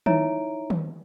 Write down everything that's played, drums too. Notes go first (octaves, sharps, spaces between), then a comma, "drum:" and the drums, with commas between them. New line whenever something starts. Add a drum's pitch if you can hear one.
D#4 E4 C#5 E5 A#5 D7, drum: tom D#3
drum: tom D#3